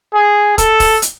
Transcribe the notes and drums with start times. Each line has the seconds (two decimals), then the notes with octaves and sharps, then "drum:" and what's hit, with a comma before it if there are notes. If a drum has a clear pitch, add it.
0.14 G#4
0.58 A4, drum: kick, hi-hat
0.80 drum: kick, open hi-hat
1.02 drum: hi-hat